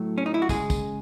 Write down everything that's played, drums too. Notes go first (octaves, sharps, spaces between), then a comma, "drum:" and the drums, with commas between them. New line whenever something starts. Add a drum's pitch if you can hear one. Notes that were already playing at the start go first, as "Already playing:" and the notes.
Already playing: A2 F#3 A3
C#4
D#4
E4
F#4
C#3 G#3 G#4, drum: kick, tambourine
drum: kick, tambourine